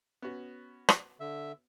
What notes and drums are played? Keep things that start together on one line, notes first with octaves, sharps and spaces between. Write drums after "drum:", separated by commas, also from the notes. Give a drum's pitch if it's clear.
B3 C#4 F#4
drum: rim click
D3 E5